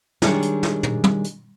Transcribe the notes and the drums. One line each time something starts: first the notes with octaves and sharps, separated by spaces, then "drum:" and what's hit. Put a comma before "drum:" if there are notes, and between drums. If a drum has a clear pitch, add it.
D#3 G3 G#3 D4 G#4 C#5, drum: snare
drum: hi-hat
drum: snare
drum: tom
drum: tom
drum: hi-hat